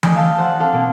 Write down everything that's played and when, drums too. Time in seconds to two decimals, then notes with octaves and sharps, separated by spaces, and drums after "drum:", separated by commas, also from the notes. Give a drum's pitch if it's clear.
0.03 A3 D4 D5 D#5 G5 G#5, drum: tom E3
0.16 F5 A5 E6
0.38 C5 F#5 A5
0.59 C4 D4 A4 F5
0.73 B2 A#3 C4